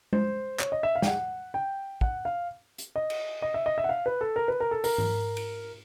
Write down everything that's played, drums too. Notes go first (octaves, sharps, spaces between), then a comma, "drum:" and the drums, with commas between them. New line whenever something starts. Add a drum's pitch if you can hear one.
C5, drum: tom G#3
C#5, drum: clap
D#5
E5
F5
G5, drum: snare
F#5
G5
F#5, drum: kick
F5
drum: hi-hat
D#5
drum: cymbal
D#5
E5
D#5
E5
F#5
F5
B4
A4
A#4
B4
A#4
A4
A#4, drum: open hi-hat
drum: tom G#2
drum: cymbal